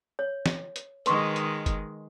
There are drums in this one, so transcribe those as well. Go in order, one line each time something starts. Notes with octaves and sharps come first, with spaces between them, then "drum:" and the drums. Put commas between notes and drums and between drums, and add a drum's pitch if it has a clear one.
C#5
drum: snare
drum: hi-hat
D#3 G#3 B4 C6 C#6, drum: hi-hat
drum: hi-hat
drum: kick, hi-hat